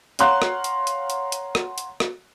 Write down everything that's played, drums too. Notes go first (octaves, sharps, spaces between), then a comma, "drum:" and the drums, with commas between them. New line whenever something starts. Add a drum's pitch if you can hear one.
C#5 F5 F#5 A#5 C6 F#6, drum: hi-hat
drum: rim click
drum: hi-hat
drum: hi-hat
drum: hi-hat
drum: hi-hat
drum: rim click
drum: hi-hat
drum: rim click